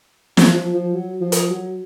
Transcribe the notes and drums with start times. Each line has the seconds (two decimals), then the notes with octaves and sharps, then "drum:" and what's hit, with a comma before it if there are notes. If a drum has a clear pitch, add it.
0.37 F3, drum: snare
0.55 F3
0.74 F3
0.93 F#3
1.21 F3
1.32 drum: hi-hat
1.50 F#3